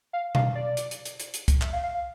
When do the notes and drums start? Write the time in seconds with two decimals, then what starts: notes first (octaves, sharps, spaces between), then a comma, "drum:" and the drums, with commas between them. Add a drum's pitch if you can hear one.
0.13 F5
0.35 F5, drum: tom B2
0.55 D5
0.77 drum: hi-hat
0.91 drum: hi-hat
1.05 drum: hi-hat
1.20 drum: hi-hat
1.34 drum: hi-hat
1.48 drum: kick, hi-hat
1.62 E5, drum: clap
1.73 F5
1.83 F5
1.94 F5